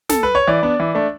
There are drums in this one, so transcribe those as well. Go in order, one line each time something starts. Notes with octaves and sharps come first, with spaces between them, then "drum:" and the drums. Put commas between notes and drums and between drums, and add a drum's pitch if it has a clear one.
A4, drum: snare
B4
C#5
E3 D5
B3 D4
E3
A3 D4